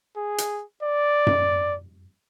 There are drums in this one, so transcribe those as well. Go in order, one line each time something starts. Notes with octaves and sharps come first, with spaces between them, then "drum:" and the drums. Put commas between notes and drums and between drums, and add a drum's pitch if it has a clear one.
G#4
drum: hi-hat
D5
drum: tom F#2